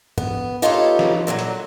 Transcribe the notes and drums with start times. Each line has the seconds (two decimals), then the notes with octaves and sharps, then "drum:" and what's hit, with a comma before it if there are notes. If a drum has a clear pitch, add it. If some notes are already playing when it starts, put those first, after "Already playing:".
0.18 B3, drum: tom
0.62 D#4 F4 G4 A4 B4 C#5
0.99 drum: snare
1.27 A#2 D3 D#3 F#3
1.39 drum: hi-hat